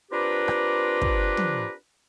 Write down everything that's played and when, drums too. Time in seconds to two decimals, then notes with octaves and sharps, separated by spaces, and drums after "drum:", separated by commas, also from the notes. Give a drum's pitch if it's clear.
0.12 C4 D4 F4 G4 A#4 B4
0.48 drum: rim click
1.01 drum: kick
1.37 drum: tom